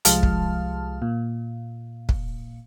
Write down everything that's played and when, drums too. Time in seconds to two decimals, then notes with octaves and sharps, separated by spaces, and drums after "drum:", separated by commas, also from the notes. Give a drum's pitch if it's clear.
0.05 C2 F3 G#3 F5 A5 F6, drum: hi-hat
0.23 drum: kick
1.02 A#2
2.09 drum: kick